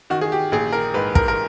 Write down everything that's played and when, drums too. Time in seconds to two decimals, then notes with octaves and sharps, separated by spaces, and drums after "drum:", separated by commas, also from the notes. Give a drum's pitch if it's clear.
0.10 D#3 F#4
0.21 G#4
0.32 G4
0.52 A#1 G#4
0.72 A#4
0.94 G#2 B4
1.15 A#4, drum: kick
1.28 A#4